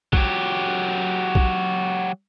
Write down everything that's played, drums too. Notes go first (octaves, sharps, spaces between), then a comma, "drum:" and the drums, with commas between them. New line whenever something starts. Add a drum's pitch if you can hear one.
F#3 G4, drum: kick A#1
drum: kick A#1